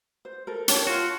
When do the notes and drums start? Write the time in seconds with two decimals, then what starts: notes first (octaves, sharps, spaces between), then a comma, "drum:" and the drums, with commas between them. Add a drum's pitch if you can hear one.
0.25 C5
0.47 A4 A#4
0.68 G4 A#4 C#5 A5, drum: hi-hat
0.87 F4 F#4